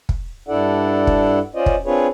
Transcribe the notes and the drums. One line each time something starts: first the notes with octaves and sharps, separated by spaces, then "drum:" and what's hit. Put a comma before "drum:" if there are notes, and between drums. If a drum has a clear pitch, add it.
drum: kick
G2 D4 E4 A4 D5 F#5
drum: kick
C#4 F4 C5 D5 D#5
drum: kick
C4 D4 F4 G#4 B4 C#5